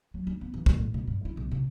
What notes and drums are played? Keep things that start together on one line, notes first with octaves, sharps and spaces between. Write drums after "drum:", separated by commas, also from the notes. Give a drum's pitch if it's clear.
F#3
D4
B3
E3
B1, drum: kick
A2
B2
G2
E4
B1
C3